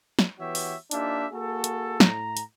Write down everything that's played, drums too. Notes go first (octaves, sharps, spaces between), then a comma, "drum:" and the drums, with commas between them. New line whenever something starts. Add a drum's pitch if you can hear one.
drum: snare
E3 B3 F#4 G4 C#5 E5
drum: open hi-hat
A#3 D4 D#4 F4 G4 E5, drum: hi-hat
A#3 F#4 G#4 A4
drum: hi-hat
A2 A#5, drum: snare
drum: hi-hat